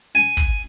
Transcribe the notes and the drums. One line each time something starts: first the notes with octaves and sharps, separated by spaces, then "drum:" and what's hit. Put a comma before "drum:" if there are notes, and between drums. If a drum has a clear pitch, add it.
G#5
drum: kick